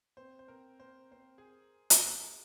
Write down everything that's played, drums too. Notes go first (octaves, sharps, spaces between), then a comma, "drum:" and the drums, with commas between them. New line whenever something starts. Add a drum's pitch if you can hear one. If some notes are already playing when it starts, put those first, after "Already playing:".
C4 C5
C5
C4 A#4
C4 C5
C4 C5
G#4
drum: hi-hat